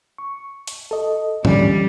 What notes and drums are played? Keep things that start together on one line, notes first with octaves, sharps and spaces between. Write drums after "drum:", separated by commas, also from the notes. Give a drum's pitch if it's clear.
C#6
drum: hi-hat
A4 D#5
D3 E3 G3 C#4, drum: tom